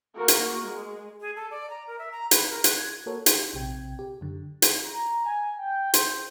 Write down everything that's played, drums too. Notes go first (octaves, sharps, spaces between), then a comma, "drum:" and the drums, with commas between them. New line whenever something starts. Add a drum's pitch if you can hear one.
A#3 F#4 A#4
drum: hi-hat
G#3
G#4
A4
D5
A#5
A#4
E5
A#5
B4, drum: hi-hat
A#4
F#6, drum: hi-hat
G#6
A#3 F#4 A4 A#4 C#5
D#4 G4, drum: hi-hat
A#1 C3 C4 G5 G#6
G4
F#2 D3
drum: hi-hat
A#5
G#5
G5
C5, drum: hi-hat